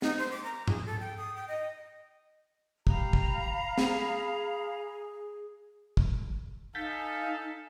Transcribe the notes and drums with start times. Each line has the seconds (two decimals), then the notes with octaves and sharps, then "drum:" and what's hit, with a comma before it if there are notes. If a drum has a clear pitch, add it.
0.02 D#4, drum: snare
0.18 C5
0.32 D6
0.44 A#5
0.68 G#4, drum: tom G#2
0.86 A4
0.99 G5
1.17 D#6
1.35 G5
1.48 D#5
2.87 G4 F5 A#5 B5, drum: kick
3.13 drum: kick
3.78 G#4, drum: snare
5.97 drum: kick
6.75 D#4 A4 F5 G#5 G6 A6 B6